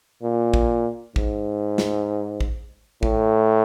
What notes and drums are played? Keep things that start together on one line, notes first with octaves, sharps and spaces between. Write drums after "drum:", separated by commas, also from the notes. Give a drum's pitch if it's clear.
A#2
drum: kick
G#2, drum: kick
drum: snare
drum: kick
A2, drum: kick